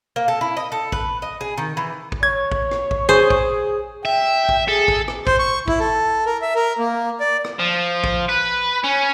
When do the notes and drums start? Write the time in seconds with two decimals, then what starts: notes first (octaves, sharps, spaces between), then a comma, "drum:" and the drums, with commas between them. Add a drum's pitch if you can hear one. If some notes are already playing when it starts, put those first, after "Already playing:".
0.16 A#3
0.28 A4
0.41 E4
0.57 D#5
0.72 A4
0.92 B4, drum: kick
1.22 D#5
1.41 G#4
1.57 D#3
1.77 E3
2.12 drum: kick
2.23 C#5 G#6
2.52 drum: kick
2.71 drum: rim click
2.91 drum: kick
3.09 G#4 C5
3.30 drum: kick
4.05 E5 G5
4.49 drum: kick
4.68 G#4 A4
4.88 drum: kick
5.08 drum: rim click
5.27 C5, drum: kick
5.39 C#6
5.68 E4, drum: kick
5.80 A4
6.26 A#4
6.42 E5
6.55 A#4
6.79 A#3
7.20 D5
7.44 drum: rim click
7.59 F3
8.04 drum: kick
8.29 B4
8.84 C#4